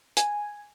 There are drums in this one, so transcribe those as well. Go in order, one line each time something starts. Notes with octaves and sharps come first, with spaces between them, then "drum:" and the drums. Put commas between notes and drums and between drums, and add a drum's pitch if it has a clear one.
G#5, drum: hi-hat